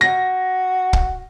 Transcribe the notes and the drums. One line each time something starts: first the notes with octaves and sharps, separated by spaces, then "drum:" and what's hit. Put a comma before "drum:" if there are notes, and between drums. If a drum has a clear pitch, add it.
F#4 A#6
drum: kick